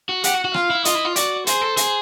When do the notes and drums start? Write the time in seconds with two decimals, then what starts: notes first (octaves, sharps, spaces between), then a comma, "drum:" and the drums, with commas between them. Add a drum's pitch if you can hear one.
0.09 F#4
0.24 G4 F#5, drum: hi-hat
0.34 F#4
0.45 F#4
0.54 F4 F5, drum: rim click
0.70 E4
0.85 F4 D#5, drum: hi-hat
0.95 E4
1.05 F4
1.16 F#4 D5, drum: hi-hat
1.47 G#4 C5, drum: hi-hat
1.62 A4
1.77 G#4, drum: hi-hat